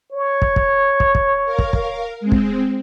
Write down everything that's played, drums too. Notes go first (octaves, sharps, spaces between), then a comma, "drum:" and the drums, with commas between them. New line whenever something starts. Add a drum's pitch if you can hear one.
C#5
drum: kick
drum: kick
drum: kick
drum: kick
A#4 F5
drum: kick
drum: kick
G#3 C4
drum: kick